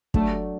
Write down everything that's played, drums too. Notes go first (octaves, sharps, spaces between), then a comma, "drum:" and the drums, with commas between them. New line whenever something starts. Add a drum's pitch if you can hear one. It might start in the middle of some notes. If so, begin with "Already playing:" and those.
F#3 A3 D4 A4 D5, drum: kick